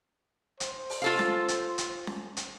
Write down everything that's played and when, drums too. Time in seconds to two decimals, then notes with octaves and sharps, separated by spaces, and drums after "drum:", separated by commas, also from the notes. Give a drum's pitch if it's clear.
0.60 C5, drum: hi-hat
0.90 drum: open hi-hat
1.02 F4 A4 F5
1.19 drum: snare C#4
1.48 drum: hi-hat
1.78 drum: hi-hat
2.07 drum: snare C#4
2.37 drum: hi-hat